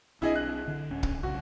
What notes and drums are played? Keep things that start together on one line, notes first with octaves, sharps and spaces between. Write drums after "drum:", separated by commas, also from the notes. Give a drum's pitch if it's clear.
B1 C4 D4 E4 G#4 D#5
F#6
D3
D1 C#4
drum: kick
B1 C#3 F#4